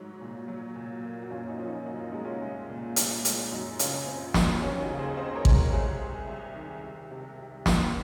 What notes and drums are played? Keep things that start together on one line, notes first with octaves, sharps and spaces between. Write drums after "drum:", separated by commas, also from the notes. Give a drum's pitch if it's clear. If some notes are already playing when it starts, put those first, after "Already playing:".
Already playing: G#2 F#3
A#2
F#3
A#2
A#3
F#4
F#2 C#4 F4
D#4
F3 C#4
D#4
F#2 F#4
F4
G#3 D#4
C#4 F4
C2
A#2
C2, drum: hi-hat
G#3, drum: hi-hat
F#2 D#4 F#4
C#3 C#4 F4, drum: hi-hat
C4
F4
F#3 D#4, drum: snare
D#2 C#4 F4
D#4 F#4
C#3
G#4 C5
C4 C5 D#5
A#4 C#5
G#3, drum: kick A1
F#4 A#4
C2 G#4 C5
C3
C2
D#3
C2
C3
C2
F3, drum: snare
C5